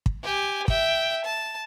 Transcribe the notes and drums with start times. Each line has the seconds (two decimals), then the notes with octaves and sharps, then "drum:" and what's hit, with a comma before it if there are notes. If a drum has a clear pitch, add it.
0.06 drum: kick
0.24 G4 G#5
0.68 E5 G5, drum: kick
1.25 A5